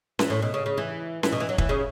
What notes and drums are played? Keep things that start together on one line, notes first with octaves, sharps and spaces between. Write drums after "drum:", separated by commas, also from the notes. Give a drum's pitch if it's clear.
E3, drum: snare C#4
A2
B2
C#3
C#3
E3
E3, drum: snare C#4
B2
E3
F#3
E3, drum: kick
C#3